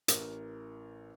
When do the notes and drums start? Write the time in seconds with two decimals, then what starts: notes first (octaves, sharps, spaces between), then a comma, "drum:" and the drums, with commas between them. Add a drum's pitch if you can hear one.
0.08 A1 E3 A#4, drum: hi-hat